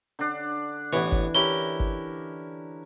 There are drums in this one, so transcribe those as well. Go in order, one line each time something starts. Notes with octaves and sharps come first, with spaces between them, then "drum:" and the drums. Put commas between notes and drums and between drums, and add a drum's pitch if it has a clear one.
D3 D4
A1 E3 B3 C#5
drum: kick G#1
C#4 E4 G4 A#4 G7
drum: kick G#1